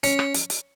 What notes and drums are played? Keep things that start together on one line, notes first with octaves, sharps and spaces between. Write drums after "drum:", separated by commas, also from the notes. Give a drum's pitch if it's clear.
C#4, drum: hi-hat
drum: rim click
drum: hi-hat
drum: hi-hat